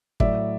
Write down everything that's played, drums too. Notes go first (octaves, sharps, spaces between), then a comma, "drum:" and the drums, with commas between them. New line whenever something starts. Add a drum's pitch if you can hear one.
A2 F#3 D5 E5, drum: kick